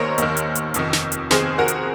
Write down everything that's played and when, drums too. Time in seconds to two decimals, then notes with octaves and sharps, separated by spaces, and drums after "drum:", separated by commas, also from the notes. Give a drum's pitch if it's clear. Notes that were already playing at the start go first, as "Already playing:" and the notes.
Already playing: D#2 D#3 A#4 C5 C#5 D#5
0.18 D#2 D#3, drum: hi-hat
0.37 drum: hi-hat
0.55 drum: hi-hat
0.74 F1 F2 D#3, drum: hi-hat
0.93 drum: snare
1.12 drum: hi-hat
1.30 F1 F2 D#3 G#4 C5, drum: snare
1.58 F#4 A#4
1.68 drum: hi-hat